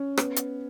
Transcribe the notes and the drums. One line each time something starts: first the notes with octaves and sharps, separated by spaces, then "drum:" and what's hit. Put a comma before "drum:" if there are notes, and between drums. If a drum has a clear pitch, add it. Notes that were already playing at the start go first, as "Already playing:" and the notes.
Already playing: C#4
B3, drum: rim click
drum: hi-hat